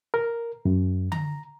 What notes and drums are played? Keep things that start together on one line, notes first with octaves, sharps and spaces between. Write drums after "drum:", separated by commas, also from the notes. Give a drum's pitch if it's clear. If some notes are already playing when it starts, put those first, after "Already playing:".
A#4
F#2
A#5, drum: tom D3